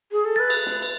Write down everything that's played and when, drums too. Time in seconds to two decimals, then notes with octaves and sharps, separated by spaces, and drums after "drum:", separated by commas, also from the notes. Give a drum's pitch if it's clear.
0.12 G#4
0.25 A4
0.36 B4 A6
0.50 drum: cymbal
0.66 drum: snare
0.82 drum: cymbal